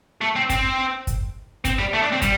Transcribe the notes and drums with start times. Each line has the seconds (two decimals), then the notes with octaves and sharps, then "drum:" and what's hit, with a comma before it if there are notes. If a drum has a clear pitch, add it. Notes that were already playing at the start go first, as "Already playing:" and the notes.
0.21 A3
0.36 C4
0.50 C4, drum: kick, hi-hat
1.07 drum: kick, hi-hat
1.65 C4, drum: kick, hi-hat
1.79 G3
1.93 A3
2.03 D4
2.12 C4
2.22 G3, drum: kick, hi-hat